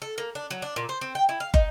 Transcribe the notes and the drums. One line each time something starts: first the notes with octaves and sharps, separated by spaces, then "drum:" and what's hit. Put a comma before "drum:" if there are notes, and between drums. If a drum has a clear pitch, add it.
A4
A#3
D4
F#3
D4
A#2
C5
C4
G5
E4
F5
D#4, drum: kick